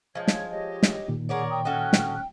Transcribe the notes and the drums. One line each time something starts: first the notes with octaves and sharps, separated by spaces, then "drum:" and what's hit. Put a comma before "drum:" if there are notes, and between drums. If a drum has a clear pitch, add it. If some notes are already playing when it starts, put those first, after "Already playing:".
F3 G#3 C#5 G#6
drum: snare
G4 C#5 D#5
drum: snare
A#2 D#3
G#4 A#4 C#5 D5 F#5
G5 A#5 D#6
C#4 F#4 A4 D#5 F6 F#6
drum: snare